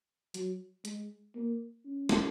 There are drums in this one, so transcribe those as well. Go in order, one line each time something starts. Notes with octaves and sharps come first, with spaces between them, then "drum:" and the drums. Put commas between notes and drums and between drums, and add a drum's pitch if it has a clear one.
F#3, drum: hi-hat
G#3, drum: hi-hat
A#3
C#4
drum: snare